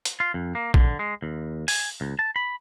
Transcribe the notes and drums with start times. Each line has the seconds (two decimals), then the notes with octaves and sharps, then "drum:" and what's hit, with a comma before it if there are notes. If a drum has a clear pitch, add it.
0.05 drum: hi-hat
0.20 F4
0.34 F2
0.55 A#3
0.74 D3, drum: kick
0.99 G#3
1.23 D#2
1.68 G#5, drum: open hi-hat
2.01 C#2
2.19 A5
2.36 B5